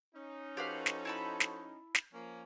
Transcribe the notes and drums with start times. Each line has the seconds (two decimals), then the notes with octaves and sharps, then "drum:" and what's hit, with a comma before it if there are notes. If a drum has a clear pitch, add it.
0.15 C#4 D#4
0.57 F3 F#4 G4 A4 B4 F5
0.86 drum: snare
1.05 E4 A5 B5
1.40 drum: snare
1.95 drum: snare
2.13 F3 A#3 C#4